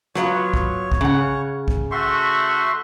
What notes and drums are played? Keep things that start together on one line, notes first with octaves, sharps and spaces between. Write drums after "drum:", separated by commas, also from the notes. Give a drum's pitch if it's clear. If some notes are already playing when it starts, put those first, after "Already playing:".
F#3 B3 F4 C#5, drum: rim click
drum: kick
drum: kick
C#3 F#5
drum: kick
A3 F#4 E5 C6 C#6